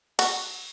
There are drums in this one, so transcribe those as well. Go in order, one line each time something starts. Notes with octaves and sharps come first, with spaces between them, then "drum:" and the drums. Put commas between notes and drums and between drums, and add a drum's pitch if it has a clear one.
F#4, drum: cymbal